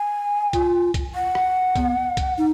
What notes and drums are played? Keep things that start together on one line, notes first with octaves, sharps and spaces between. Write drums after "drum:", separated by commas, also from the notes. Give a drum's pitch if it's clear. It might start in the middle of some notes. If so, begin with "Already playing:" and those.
Already playing: G#5
F4, drum: kick C2, hi-hat
drum: kick C2, hi-hat
F#5
drum: rim click
B3, drum: kick C2, hi-hat
drum: kick C2, hi-hat
D#4